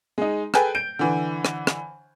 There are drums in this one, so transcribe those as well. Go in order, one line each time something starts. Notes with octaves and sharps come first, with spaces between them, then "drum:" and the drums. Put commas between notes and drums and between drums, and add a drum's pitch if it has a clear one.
G#3 D#4
G#4 A4 B4 G5 G#5, drum: rim click
G6 D7
D3 E3
drum: rim click
drum: rim click